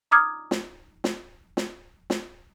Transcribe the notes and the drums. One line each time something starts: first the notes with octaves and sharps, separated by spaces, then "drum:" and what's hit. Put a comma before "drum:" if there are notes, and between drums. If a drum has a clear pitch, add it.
A#5 D6 D#6 F6 G#6
drum: snare
drum: snare
drum: snare
drum: snare